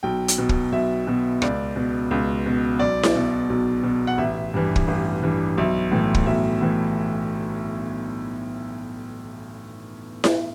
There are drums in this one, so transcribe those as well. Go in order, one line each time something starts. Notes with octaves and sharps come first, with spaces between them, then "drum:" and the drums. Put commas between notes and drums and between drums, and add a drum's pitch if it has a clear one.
B1 G5
drum: hi-hat
B2
drum: kick
B1 E5
B2
C#2 D5, drum: rim click
B2
C#2
B2
B1 D5
drum: snare E4
B2
B1
B2
F#5
A1 E5
G2 E3
drum: kick
A1
G2 E3
B1 E5
A2 E3
drum: kick
B1 E5
A2 E3
drum: snare E4